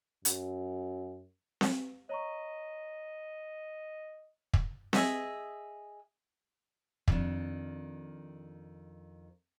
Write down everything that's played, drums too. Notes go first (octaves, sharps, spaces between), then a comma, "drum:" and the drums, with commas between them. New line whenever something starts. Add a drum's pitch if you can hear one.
F#2, drum: hi-hat
drum: snare C4
C#5 D#5 A#5 C#6
drum: kick
G#4 D#5 E5, drum: snare C4
F2 D#3 D4, drum: kick